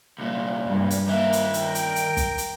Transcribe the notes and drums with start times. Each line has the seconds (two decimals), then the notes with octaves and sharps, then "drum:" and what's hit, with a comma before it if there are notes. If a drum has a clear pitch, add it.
0.19 C2 A#2
0.64 G2
0.90 drum: hi-hat
1.08 D#3 A#3 E5
1.33 drum: hi-hat
1.54 A#4 G5, drum: hi-hat
1.75 drum: hi-hat
1.96 drum: hi-hat
2.17 drum: kick, hi-hat
2.38 drum: hi-hat